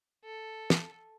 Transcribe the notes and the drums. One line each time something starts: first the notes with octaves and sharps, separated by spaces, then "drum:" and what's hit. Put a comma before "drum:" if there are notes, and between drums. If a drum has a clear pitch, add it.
A4
drum: snare